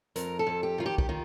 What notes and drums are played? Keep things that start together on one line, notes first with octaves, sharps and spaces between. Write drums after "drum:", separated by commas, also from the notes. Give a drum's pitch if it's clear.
F2 A#4, drum: hi-hat
A4
F2
G4
D#3 F4
G4
G4, drum: kick
D#3 F4